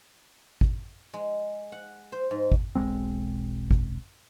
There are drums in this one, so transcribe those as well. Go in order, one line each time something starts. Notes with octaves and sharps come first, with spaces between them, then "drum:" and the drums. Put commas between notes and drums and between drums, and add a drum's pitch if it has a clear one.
drum: kick G#1
G#3
F#5
C5
G#2
drum: kick G#1
E1 B1 G#3 C4
drum: kick G#1